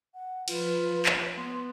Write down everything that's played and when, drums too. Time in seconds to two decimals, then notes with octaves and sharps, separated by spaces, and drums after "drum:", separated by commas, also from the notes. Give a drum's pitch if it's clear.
0.14 F#5
0.48 F3 F4 B4, drum: cymbal
1.06 drum: clap
1.37 B3 C6